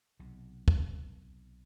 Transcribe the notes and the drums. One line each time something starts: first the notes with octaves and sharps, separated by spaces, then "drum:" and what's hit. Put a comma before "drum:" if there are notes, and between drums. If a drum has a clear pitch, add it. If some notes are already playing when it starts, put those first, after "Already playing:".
B1 C3
drum: kick